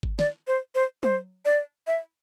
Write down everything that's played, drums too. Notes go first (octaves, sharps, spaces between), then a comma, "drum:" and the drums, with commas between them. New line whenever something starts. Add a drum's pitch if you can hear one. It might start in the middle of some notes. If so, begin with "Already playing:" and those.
drum: kick G1
D5, drum: snare
C5
C5
C5, drum: tom F#3
D5
E5